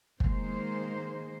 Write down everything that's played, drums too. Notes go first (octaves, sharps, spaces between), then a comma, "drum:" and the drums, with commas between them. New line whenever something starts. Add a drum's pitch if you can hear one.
D#3 G#3 A#3 C5, drum: kick